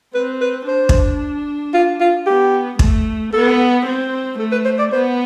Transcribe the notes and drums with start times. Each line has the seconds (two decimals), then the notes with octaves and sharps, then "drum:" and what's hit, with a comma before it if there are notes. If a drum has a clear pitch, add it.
0.14 C4 B4
0.41 B4
0.67 D4 C5
0.89 drum: kick
1.74 F4
2.00 F4
2.27 B3 G4
2.79 A3, drum: kick
3.33 B3 A4
3.86 C4
4.39 A3 A4
4.52 B4
4.65 C5
4.78 D5
4.92 B3 C5